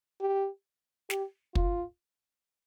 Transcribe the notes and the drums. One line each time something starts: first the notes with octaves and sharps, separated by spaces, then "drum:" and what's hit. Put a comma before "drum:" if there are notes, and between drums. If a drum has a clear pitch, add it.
G4
G4, drum: snare
F4, drum: kick